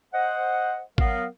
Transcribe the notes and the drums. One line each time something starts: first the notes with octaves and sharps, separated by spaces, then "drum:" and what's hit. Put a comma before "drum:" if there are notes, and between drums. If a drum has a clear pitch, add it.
C5 D#5 F#5
F#3 B3 A#4 F5, drum: kick